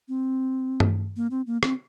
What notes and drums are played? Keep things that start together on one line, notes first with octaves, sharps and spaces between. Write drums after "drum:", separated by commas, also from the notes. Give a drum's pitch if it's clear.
C4
drum: tom G2
A#3
C4
A#3
C4, drum: rim click